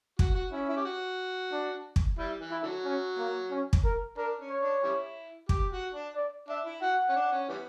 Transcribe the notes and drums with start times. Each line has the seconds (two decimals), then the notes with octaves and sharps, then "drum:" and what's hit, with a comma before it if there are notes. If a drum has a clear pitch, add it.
0.19 F#4, drum: kick
0.35 F#4
0.52 C#4 E4
0.69 E4
0.77 G4
0.85 F#4
1.52 D4
1.96 drum: kick
2.18 G3 E4
2.41 E3
2.51 E4
2.63 D3 F#3
2.85 C#4
3.18 A#3
3.51 C#4
3.73 drum: kick
3.84 A#4
4.17 D4 A#4
4.39 C#4
4.50 C#5
4.61 D4
4.83 G3 C#4 E4
5.49 G4, drum: kick
5.72 F#4
5.94 D4
6.16 D5
6.48 D4 E5
6.65 E4
6.82 F#4 F#5
7.09 C#4
7.16 D4
7.32 C#4
7.49 E3 G3 B3